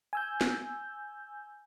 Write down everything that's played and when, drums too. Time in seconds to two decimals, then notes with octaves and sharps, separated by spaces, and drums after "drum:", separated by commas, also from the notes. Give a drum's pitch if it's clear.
0.13 G#5 E6 G6
0.41 drum: snare